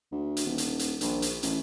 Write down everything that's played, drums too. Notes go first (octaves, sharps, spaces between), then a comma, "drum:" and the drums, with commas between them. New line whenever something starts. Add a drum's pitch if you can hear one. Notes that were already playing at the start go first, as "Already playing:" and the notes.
D2
drum: hi-hat
D#1
drum: hi-hat
drum: hi-hat
A#1, drum: hi-hat
drum: hi-hat
A1, drum: hi-hat